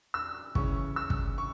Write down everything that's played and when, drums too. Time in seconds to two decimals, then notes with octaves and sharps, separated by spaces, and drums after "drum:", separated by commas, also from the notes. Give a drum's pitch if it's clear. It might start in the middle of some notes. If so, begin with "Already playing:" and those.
0.14 E6
0.55 C#3 E3 C#4 C#6, drum: kick
0.96 E6
1.10 drum: kick
1.38 C#6